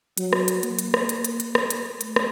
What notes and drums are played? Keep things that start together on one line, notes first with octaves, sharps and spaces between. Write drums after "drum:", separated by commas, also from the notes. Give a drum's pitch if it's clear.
F#3, drum: hi-hat
drum: rim click
drum: hi-hat
A#3, drum: hi-hat
drum: hi-hat
drum: rim click
drum: hi-hat
drum: hi-hat
drum: hi-hat
drum: rim click
drum: hi-hat
A3, drum: hi-hat
drum: rim click